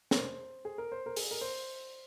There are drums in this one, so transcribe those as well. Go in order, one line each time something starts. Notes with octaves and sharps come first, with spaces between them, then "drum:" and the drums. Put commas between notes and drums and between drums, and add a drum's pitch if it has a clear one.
A#4, drum: snare
C5
G#4
A#4
C5
A#4
G#4, drum: open hi-hat
A#4
C5